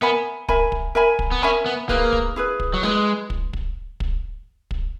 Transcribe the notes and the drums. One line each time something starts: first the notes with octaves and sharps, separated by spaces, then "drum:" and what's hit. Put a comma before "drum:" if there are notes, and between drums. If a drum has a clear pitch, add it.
B3 A#4 E5 G#5 B5
A#4 E5 G#5 B5, drum: kick
drum: kick
A#4 E5 G#5 B5
drum: kick
B3
C#4 A#4 E5 G#5 B5
B3
A#3 E4 G#4 B4, drum: kick
drum: kick
E4 G#4 B4
drum: kick
F#3
G#3 E4 G#4 B4
drum: kick
drum: kick
drum: kick
drum: kick